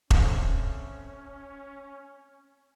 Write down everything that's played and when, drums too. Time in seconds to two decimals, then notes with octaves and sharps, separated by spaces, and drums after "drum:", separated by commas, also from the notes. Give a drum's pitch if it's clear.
0.11 A2 D3 A3 C4 C#4 F4, drum: kick E1